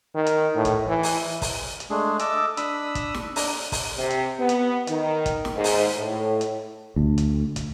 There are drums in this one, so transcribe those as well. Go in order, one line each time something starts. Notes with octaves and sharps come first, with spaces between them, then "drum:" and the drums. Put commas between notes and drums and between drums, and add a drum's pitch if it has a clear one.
D#3
drum: hi-hat
A2
drum: kick, hi-hat
E3
drum: open hi-hat
drum: kick, open hi-hat
drum: hi-hat
G#3 A3 D4 G#4
A4 D#5 D6 E6, drum: hi-hat
D4 B5 D#6 E6, drum: hi-hat
drum: kick, hi-hat
drum: snare
D4 A#5, drum: open hi-hat
drum: kick, open hi-hat
C3
drum: hi-hat
B3
drum: hi-hat
D#3, drum: hi-hat
drum: kick, hi-hat
drum: snare
G#2
drum: open hi-hat
A2
drum: hi-hat
D2
drum: hi-hat
drum: kick, hi-hat